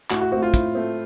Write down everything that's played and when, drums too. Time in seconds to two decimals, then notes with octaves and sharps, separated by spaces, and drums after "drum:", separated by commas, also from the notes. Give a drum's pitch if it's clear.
0.11 A2 F#4, drum: clap
0.21 F#4
0.32 A3 C4 F#4
0.43 F4
0.54 A2, drum: kick, hi-hat
0.75 A3 C4